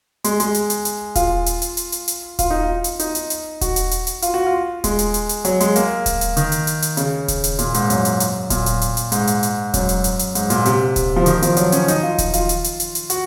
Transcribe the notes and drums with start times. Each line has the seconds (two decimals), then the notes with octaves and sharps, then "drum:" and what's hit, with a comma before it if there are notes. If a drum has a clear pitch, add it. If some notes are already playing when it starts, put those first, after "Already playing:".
0.24 G#3, drum: hi-hat
0.40 G#3, drum: hi-hat
0.54 drum: hi-hat
0.70 drum: hi-hat
0.85 drum: hi-hat
1.15 F4, drum: kick D#1, hi-hat
1.46 drum: hi-hat
1.62 drum: hi-hat
1.77 drum: hi-hat
1.92 drum: hi-hat
2.08 drum: hi-hat
2.39 F4, drum: kick D#1, hi-hat
2.50 D#4
2.63 F4
2.84 drum: hi-hat
2.99 D#4, drum: hi-hat
3.15 drum: hi-hat
3.30 drum: hi-hat
3.61 F#4, drum: kick D#1, hi-hat
3.76 drum: hi-hat
3.91 drum: hi-hat
4.07 drum: hi-hat
4.22 F4, drum: hi-hat
4.34 F#4
4.47 F4
4.84 G#3, drum: kick D#1, hi-hat
4.99 drum: hi-hat
5.14 drum: hi-hat
5.29 drum: hi-hat
5.45 F#3, drum: hi-hat
5.60 G#3, drum: hi-hat
5.76 A#3, drum: hi-hat
6.06 drum: kick D#1, hi-hat
6.21 drum: hi-hat
6.37 D#3, drum: hi-hat
6.52 drum: hi-hat
6.67 drum: hi-hat
6.82 drum: hi-hat
6.97 C#3, drum: hi-hat
7.28 drum: kick D#1, hi-hat
7.44 drum: hi-hat
7.59 A#2, drum: hi-hat
7.74 G#2, drum: hi-hat
7.90 F#2, drum: hi-hat
8.05 drum: hi-hat
8.20 drum: hi-hat
8.50 A#2, drum: kick D#1, hi-hat
8.66 drum: hi-hat
8.81 drum: hi-hat
8.97 drum: hi-hat
9.12 G#2, drum: hi-hat
9.27 drum: hi-hat
9.43 drum: hi-hat
9.74 F#2, drum: kick D#1, hi-hat
9.89 drum: hi-hat
10.04 drum: hi-hat
10.19 drum: hi-hat
10.35 G#2, drum: hi-hat
10.50 A#2, drum: hi-hat
10.65 C3, drum: hi-hat
10.96 drum: kick D#1, hi-hat
11.16 F3
11.26 D#3, drum: hi-hat
11.42 F3, drum: hi-hat
11.57 F#3, drum: hi-hat
11.72 C#4, drum: hi-hat
11.88 D#4, drum: hi-hat
12.03 F4
12.18 drum: kick D#1, hi-hat
12.34 F4, drum: hi-hat
12.49 drum: hi-hat
12.64 drum: hi-hat
12.80 drum: hi-hat
12.95 drum: hi-hat
13.10 F#4, drum: hi-hat